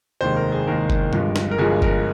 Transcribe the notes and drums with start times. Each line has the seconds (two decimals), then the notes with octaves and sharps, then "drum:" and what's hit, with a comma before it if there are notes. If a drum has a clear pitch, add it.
0.21 F1 D#2 D#3 G#3 C5
0.36 A#4
0.52 G#4
0.67 F1 D#2 D#3 G#3 A#4
0.90 drum: kick F#1
1.13 G1 G2 F3 G#3, drum: tom G2
1.36 drum: snare
1.51 A#4
1.58 G1 G2 F3 G#3 G#4
1.82 A#4, drum: kick F#1